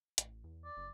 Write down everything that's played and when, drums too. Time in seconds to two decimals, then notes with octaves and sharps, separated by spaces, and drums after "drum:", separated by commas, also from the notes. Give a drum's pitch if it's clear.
0.18 A1, drum: hi-hat
0.44 E2
0.64 D5
0.77 F#1